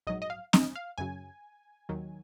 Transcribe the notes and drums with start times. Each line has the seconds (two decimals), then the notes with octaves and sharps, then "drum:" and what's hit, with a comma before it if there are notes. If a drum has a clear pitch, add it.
0.07 A#1 G#2 F#3 D#5
0.22 D#5
0.30 F5
0.53 D#5, drum: snare
0.76 F5
0.98 F#2 C#3 F#3 G#5
1.89 D#2 D#3 F#3